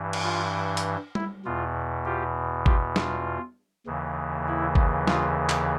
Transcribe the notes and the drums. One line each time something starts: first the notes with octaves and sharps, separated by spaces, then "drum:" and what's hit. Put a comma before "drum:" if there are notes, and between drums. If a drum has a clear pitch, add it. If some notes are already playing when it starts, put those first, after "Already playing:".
Already playing: G2 E3
drum: cymbal
F4
drum: hi-hat
E4, drum: tom G3
E2 B2 F4
F4 G4
F4 G4, drum: kick G#1
F4, drum: snare
D#2 C#3 E3
E4
drum: kick G#1
F4, drum: snare
drum: clap